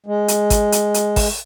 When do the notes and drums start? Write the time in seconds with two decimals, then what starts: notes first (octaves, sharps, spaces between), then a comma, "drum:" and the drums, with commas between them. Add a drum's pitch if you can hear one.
0.06 G#3
0.28 drum: hi-hat
0.50 drum: kick, hi-hat
0.72 drum: hi-hat
0.94 drum: hi-hat
1.16 drum: kick, open hi-hat